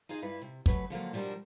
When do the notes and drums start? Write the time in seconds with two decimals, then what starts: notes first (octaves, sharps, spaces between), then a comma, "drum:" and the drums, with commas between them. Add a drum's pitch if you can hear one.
0.09 D#4 F4 G#4 D#5
0.22 G2 E4 F4 B4
0.42 C3
0.66 C#3 F#3 A3 B4, drum: kick
0.90 D3 F3 F#3 A#3
1.13 B2 F3 G3 D4 A#4